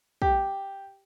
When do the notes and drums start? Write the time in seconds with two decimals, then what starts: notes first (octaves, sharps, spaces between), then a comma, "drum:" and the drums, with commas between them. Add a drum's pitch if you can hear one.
0.22 G4, drum: kick